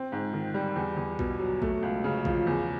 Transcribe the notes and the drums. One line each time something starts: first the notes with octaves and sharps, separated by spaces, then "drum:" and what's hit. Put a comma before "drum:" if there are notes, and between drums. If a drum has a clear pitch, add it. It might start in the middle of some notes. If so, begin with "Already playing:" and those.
Already playing: C4
G#2
D#3
G3
E2
E2
B2, drum: kick A#1
F#3
A3, drum: kick A#1
C#2
C#3
F3, drum: kick A#1
E2